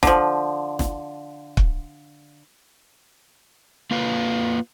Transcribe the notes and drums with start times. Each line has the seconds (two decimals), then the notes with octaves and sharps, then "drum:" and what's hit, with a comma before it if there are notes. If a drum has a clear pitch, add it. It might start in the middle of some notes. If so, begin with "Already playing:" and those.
0.03 D3 F3, drum: snare
0.79 drum: snare
1.57 drum: kick
3.91 A#3 F4 B4 F5